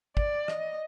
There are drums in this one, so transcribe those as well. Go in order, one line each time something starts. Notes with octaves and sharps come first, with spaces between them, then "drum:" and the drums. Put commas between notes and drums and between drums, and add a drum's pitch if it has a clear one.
D5, drum: kick
D#5, drum: rim click